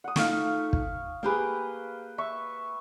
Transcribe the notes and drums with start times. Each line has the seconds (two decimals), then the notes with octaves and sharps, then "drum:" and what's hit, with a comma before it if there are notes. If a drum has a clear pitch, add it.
0.04 F#5 D#6
0.16 A3 D#4 F4 F5 C#6, drum: snare
0.73 drum: kick
1.23 A#3 G4 G#4 B4 G5
2.18 E5 C#6